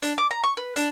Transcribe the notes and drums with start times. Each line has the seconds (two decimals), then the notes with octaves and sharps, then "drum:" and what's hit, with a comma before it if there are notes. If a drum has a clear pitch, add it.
0.02 D4, drum: hi-hat
0.18 D6
0.31 A#5
0.43 C#6
0.57 B4
0.76 D4, drum: hi-hat